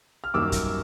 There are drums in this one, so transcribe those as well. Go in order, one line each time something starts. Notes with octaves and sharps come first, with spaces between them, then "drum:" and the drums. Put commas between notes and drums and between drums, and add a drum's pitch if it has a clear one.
F6
F#2 D#3 G3 A#3 D6 E6
drum: kick, hi-hat